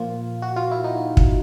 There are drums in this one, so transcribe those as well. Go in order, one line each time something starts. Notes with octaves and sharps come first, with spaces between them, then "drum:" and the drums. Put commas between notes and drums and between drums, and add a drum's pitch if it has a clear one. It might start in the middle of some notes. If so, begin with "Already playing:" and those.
Already playing: A#2 F3 A#3 F4
F#4
F4
E4
D#4
drum: kick